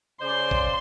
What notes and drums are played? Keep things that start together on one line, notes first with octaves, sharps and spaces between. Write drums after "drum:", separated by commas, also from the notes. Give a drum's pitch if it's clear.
C#3 C5 D5 C6
drum: kick G#1